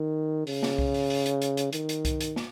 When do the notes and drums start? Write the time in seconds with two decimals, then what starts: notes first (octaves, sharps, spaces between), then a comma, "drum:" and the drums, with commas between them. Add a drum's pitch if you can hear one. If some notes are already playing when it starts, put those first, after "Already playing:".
Already playing: D#3
0.47 C#3, drum: open hi-hat
0.63 drum: snare
0.78 drum: kick C2
0.94 drum: open hi-hat
1.10 drum: open hi-hat
1.26 drum: hi-hat
1.42 drum: hi-hat
1.57 drum: hi-hat
1.73 D#3, drum: hi-hat
1.89 drum: hi-hat
2.05 drum: kick C2, hi-hat
2.21 drum: hi-hat
2.36 drum: snare